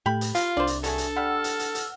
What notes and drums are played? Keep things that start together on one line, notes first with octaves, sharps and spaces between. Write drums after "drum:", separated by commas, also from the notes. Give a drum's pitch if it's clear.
A2 A3 G4 B5
drum: hi-hat
F4 F5, drum: hi-hat
C2 D4 C5 D5
drum: hi-hat
F#3 A3 G#4 A4, drum: hi-hat
drum: hi-hat
G3 F#5 E6 F6
drum: hi-hat
drum: hi-hat
drum: hi-hat